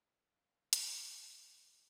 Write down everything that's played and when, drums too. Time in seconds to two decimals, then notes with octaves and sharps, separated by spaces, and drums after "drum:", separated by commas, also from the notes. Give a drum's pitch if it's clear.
0.25 F5
0.73 D#4, drum: hi-hat